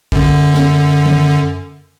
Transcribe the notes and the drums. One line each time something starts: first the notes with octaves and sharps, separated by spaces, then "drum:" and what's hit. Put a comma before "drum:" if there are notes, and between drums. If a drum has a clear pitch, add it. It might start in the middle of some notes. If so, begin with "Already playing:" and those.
F#2 D3, drum: kick A#1
drum: snare
drum: tom D#3